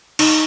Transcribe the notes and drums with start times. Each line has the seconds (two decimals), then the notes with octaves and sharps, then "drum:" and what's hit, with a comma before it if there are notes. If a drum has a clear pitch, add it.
0.19 D#4, drum: cymbal